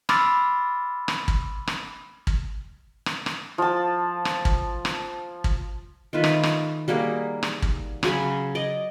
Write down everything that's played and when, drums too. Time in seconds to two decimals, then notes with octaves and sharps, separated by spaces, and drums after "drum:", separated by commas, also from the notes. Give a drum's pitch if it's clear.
0.09 B5 C6 D6 E6 F6 A6, drum: rim click
1.08 drum: rim click
1.28 drum: kick
1.67 drum: rim click
2.27 drum: kick
3.06 drum: rim click
3.26 drum: rim click
3.58 F3 A5
4.25 drum: rim click
4.45 drum: kick
4.85 drum: rim click
5.44 drum: kick
6.13 D#3 A3 F4 B4
6.24 drum: rim click
6.43 drum: rim click
6.88 G3 A#3 F#4 G#4
7.43 drum: rim click
7.62 drum: kick
8.03 C#3 F#3 G#5 B5, drum: rim click
8.55 D5 D#5